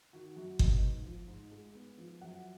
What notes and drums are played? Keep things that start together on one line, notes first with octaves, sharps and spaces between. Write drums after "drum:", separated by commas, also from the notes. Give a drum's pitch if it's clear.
D#3 F#4
F#2 F#4
B3 D#5, drum: kick G1
G#2
F3
G#2
G#3
B3
F3
F#2 F#5